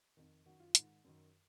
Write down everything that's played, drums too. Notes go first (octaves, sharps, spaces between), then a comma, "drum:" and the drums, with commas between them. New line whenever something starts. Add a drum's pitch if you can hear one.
F2 D#3
F#2 D#3 F#4
F4
G#2 D#3, drum: hi-hat
F#2 D#3